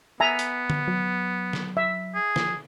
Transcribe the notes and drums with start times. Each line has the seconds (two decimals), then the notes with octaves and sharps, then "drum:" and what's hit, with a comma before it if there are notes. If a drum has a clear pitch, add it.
0.20 B3 E5 G#5 A#5
0.39 drum: hi-hat
0.70 drum: tom D3
0.88 F#3
1.53 drum: snare
1.77 E5
2.15 G#4
2.36 F3, drum: snare